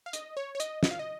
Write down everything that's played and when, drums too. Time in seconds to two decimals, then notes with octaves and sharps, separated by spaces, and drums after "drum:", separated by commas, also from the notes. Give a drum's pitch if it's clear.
0.06 F5
0.13 D#5, drum: hi-hat
0.37 C#5
0.55 C#5
0.60 D#5, drum: hi-hat
0.83 D#5, drum: snare
0.91 F5
0.99 D#5